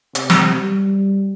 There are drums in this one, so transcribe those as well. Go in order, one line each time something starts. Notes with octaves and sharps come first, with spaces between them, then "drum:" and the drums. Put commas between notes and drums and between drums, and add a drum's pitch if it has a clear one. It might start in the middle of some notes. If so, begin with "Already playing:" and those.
C3, drum: hi-hat
drum: snare
G3